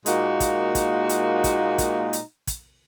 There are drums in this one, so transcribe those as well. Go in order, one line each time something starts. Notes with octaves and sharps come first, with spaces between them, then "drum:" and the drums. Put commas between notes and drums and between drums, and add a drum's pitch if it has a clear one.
A#2 G#3 A#3 D#4 F#4, drum: hi-hat
drum: kick, hi-hat
drum: kick, hi-hat
drum: hi-hat
drum: kick, hi-hat
drum: kick, hi-hat
drum: hi-hat
drum: kick, hi-hat